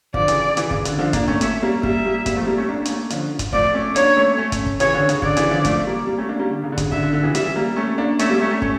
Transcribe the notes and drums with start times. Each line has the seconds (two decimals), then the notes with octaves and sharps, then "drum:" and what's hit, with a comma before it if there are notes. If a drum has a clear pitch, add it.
0.14 D3 F3 D5, drum: kick
0.28 C#3 E3, drum: hi-hat
0.57 C#3 E3, drum: hi-hat
0.71 C#3, drum: kick
0.85 D3, drum: hi-hat
0.99 D3 F3
1.13 A#3 D4, drum: kick, hi-hat
1.28 A3 C#4, drum: kick
1.41 A3 C#4 E5, drum: hi-hat
1.62 G3 A#3
1.83 G3 A#3 E5, drum: kick
2.05 G3 A#3
2.26 G3 A#3, drum: kick, hi-hat
2.36 F3 A3
2.47 G3 A#3
2.58 A3 C#4
2.68 A#3 D4
2.85 A#3, drum: hi-hat
2.90 A3 C#4
3.10 D3 F3, drum: hi-hat
3.39 drum: kick, hi-hat
3.53 F3 A3 D5, drum: kick
3.74 A3 C#4
3.96 A#3 D4 C#5, drum: hi-hat
4.17 A3 C#4
4.37 A3 C#4
4.52 drum: kick, hi-hat
4.66 drum: kick
4.80 C#3 E3 C#5, drum: hi-hat
4.95 D3
5.09 C#3, drum: hi-hat
5.22 D3 D5, drum: kick
5.37 C#3 E3, drum: hi-hat
5.50 D3 F3
5.65 F3 A3, drum: kick, hi-hat
5.86 G3 A#3
6.07 G3 A#3
6.18 A3 C#4
6.29 A#3 D4
6.39 G3 A#3
6.50 D3
6.64 C#3
6.72 D3
6.78 C#3, drum: kick, hi-hat
6.92 D3 E5, drum: kick
7.03 D3
7.13 D3
7.23 C#3 E3
7.35 E3 G3 E5, drum: hi-hat
7.56 G3 A#3
7.76 A3 C#4
7.98 A#3 D4
8.19 A3 C#4 E5, drum: hi-hat
8.30 G3 A#3
8.40 A3 C#4
8.51 A3 C#4
8.62 A3 C#4, drum: kick